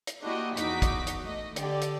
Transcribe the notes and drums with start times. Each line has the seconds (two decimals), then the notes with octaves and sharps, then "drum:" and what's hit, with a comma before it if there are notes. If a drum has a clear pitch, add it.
0.07 drum: hi-hat
0.24 A#3 D4 E4 F#4 G4 D#5
0.57 E2 D#4 F#4 D6 B6, drum: hi-hat
0.82 drum: kick, hi-hat
1.07 drum: hi-hat
1.23 A3 D#5
1.56 D3 G4 D5, drum: hi-hat
1.82 drum: hi-hat